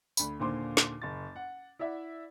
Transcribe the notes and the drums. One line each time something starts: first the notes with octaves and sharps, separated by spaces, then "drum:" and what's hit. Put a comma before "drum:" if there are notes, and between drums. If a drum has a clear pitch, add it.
D2 B5, drum: tambourine
D#2 A#2 D3 C5 C6 D6
drum: snare
F#1 A6
F#5
E4 D5 E5 F#5